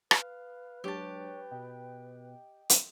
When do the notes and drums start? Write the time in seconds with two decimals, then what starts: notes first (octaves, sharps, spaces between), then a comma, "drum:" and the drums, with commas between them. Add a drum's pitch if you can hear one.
0.11 B4 F5, drum: rim click
0.84 F#3 G#3 D4 G4 C#5 A5
1.51 B2 D#5 G5
2.70 drum: hi-hat